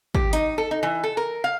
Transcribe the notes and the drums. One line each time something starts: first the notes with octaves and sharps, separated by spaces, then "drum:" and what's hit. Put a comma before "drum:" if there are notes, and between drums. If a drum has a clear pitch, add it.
G4, drum: kick
D#4, drum: hi-hat
A4
D#4
E3
A4
A#4
F5